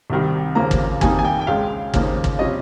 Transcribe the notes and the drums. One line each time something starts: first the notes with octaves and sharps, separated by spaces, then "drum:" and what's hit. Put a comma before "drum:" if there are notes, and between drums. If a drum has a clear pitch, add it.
C2 C3 D#3 G3
D#2 C#3 F3 A#3 A#5
drum: kick
F2 D#3 G3 A#3 D#4 G#5, drum: kick
G#5
G5
G5
C#2 C#3 G#3 F5
D#2 C#3 F3 A#3 D#4, drum: kick
drum: kick
C3 G3 C#4 F4 D#5